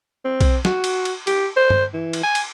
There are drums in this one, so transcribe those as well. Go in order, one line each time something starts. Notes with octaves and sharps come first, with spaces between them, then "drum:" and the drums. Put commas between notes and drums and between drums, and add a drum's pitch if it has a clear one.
C4
drum: kick B1, cymbal
F#4, drum: snare
drum: cymbal
drum: cymbal
G4, drum: cymbal
C5
drum: tom G2
E3
drum: cymbal
G#5
drum: cymbal